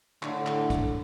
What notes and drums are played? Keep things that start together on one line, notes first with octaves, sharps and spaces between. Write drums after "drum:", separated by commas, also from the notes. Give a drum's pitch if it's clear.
A2 D3, drum: clap
drum: clap
drum: kick, hi-hat